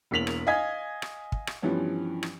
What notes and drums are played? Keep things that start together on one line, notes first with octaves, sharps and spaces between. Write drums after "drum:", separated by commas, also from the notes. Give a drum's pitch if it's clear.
E1 E2 A#3 B6 F7 F#7
drum: rim click
D#5 F5 G#5 G#6 B6
drum: rim click
drum: kick
drum: rim click
G2 E3 F3 B3 C#4
drum: rim click